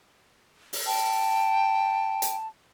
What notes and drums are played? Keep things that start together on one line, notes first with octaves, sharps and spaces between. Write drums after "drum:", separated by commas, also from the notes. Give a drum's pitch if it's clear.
drum: open hi-hat
G5 A5
drum: hi-hat